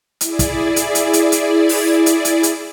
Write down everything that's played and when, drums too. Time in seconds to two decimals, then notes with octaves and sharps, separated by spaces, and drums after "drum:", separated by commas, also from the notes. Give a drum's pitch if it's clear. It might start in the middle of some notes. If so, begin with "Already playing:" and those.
0.21 E4 G#4 D5, drum: hi-hat
0.39 drum: kick, hi-hat
0.76 drum: hi-hat
0.95 drum: hi-hat
1.13 drum: hi-hat
1.32 drum: hi-hat
1.69 drum: open hi-hat
2.06 drum: hi-hat
2.25 drum: hi-hat
2.43 drum: hi-hat